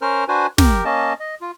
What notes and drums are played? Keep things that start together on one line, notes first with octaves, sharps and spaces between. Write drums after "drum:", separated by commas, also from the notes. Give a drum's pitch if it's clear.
C#4 A#4 C5 F6
D4 F#4 B4 C5 G#5
G4 A#4, drum: snare
A#3 C#4 D#5 A5
D#5
F4